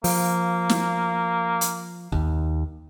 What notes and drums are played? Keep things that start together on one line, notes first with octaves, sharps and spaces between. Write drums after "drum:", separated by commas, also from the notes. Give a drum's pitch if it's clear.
F3 A#3, drum: open hi-hat
drum: snare
drum: hi-hat
D#2, drum: kick